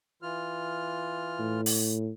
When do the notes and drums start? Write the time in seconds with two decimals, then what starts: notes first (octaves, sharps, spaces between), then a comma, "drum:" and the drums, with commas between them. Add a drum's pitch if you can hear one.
0.22 E3 F4 F6
1.39 A2
1.66 drum: open hi-hat